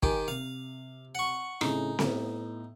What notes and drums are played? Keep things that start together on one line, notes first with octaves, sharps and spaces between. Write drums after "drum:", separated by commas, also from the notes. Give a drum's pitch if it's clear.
D#3 G4 G#5, drum: kick
C3 F5
F#5 C#6
A2 C#3 C4 D#4, drum: rim click
A2 B3, drum: snare C4